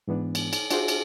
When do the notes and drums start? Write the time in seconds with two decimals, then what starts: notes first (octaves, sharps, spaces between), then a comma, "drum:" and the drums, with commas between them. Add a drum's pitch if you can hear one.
0.08 G#2 E3 B3 D4
0.35 drum: cymbal
0.53 drum: cymbal
0.71 D4 F4 F#4 G#4 C5 E5, drum: cymbal
0.88 drum: cymbal